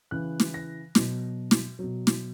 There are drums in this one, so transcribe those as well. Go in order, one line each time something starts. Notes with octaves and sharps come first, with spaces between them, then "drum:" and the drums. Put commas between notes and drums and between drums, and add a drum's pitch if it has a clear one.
C#3 E3 F#6
drum: snare
A#6
B2 F#3, drum: snare
drum: snare
B2 F#3
drum: snare